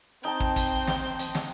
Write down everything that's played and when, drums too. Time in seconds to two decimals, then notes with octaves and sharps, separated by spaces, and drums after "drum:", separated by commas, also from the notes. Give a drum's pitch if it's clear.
0.25 C4 D#4 G5 A5 G6
0.40 drum: kick
0.56 drum: kick, hi-hat
0.88 drum: snare
1.19 drum: hi-hat
1.35 drum: snare